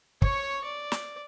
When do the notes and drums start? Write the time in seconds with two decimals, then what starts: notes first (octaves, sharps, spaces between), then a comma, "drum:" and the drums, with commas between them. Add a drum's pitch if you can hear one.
0.22 C#5 C#6, drum: kick
0.64 D5
0.92 drum: snare